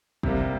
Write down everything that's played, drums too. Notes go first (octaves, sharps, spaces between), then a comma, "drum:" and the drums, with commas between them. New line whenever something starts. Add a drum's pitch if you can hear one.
C3 G3 A#3, drum: kick